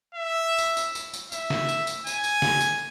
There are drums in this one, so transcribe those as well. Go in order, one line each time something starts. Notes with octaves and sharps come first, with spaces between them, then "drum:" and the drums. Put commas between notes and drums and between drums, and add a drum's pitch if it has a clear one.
E5
drum: tambourine
drum: tambourine
drum: tambourine
drum: tambourine
E5, drum: tambourine
drum: snare
drum: tambourine
drum: tambourine
G#5, drum: tambourine
drum: tambourine
drum: snare
drum: tambourine